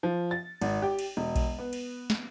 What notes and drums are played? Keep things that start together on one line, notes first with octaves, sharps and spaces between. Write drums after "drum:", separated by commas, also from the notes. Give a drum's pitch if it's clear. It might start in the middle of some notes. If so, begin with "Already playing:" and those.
F3
A6
G#1, drum: cymbal
G4
drum: cymbal
E1
drum: kick A#1, cymbal
B3
drum: cymbal
drum: snare